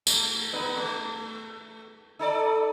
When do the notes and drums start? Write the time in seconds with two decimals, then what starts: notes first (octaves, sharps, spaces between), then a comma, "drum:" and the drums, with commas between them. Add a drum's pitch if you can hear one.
0.07 A3, drum: tambourine
0.53 B3 D#4 B4
0.76 A3
2.19 D#4 A4 D5